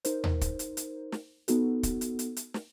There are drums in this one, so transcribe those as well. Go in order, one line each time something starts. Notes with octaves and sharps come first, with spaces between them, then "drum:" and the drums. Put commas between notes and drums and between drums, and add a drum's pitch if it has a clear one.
D#4 A#4 C5, drum: hi-hat
drum: tom D#2
drum: kick, hi-hat
drum: hi-hat
drum: hi-hat
drum: snare
B3 D#4 F#4 A4, drum: hi-hat
drum: kick, hi-hat
drum: hi-hat
drum: hi-hat
drum: hi-hat
drum: snare